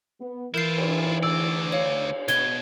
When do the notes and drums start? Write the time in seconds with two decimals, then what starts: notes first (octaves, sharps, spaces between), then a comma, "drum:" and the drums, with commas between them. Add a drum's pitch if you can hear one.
0.21 B3
0.54 E3 E4 F4 A#4 G6 C7
0.78 drum: cymbal
1.23 D2 D5 E6
1.72 C#5 F5
2.28 B2 G#6 G7, drum: hi-hat